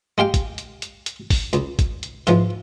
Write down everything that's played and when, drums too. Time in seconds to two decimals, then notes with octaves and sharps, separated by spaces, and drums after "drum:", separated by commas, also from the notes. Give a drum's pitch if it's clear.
0.18 G#3 G4 F5 G5
0.34 drum: kick, hi-hat
0.58 drum: hi-hat
0.82 drum: hi-hat
1.06 drum: hi-hat
1.30 drum: kick, open hi-hat
1.53 C#2, drum: hi-hat
1.79 drum: kick, hi-hat
2.03 drum: hi-hat
2.27 G#2 E3 F3, drum: hi-hat